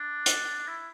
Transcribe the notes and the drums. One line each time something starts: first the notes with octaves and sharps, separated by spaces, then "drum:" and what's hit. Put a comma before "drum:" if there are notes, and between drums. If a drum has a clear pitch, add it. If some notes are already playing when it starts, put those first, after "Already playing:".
Already playing: D4
drum: hi-hat
E4